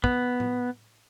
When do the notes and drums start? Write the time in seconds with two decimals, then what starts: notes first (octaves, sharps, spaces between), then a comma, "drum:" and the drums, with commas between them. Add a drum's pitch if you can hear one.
0.04 B3, drum: kick
0.40 drum: tom A2